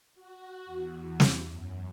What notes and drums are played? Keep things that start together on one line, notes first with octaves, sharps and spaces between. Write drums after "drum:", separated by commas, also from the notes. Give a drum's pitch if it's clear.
F#4
E2
drum: snare
F#2